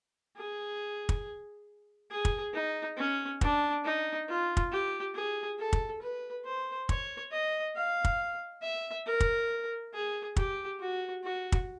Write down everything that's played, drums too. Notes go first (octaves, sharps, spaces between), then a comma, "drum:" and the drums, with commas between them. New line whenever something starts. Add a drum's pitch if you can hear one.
G#4
drum: kick
G#4
drum: kick
D#4
C#4
D4, drum: kick
D#4
F4
drum: kick
G4
G#4
A4
drum: kick
B4
C5
C#5, drum: kick
D#5
F5
drum: kick
E5
A#4
drum: kick
G#4
G4, drum: kick
F#4
F#4
drum: kick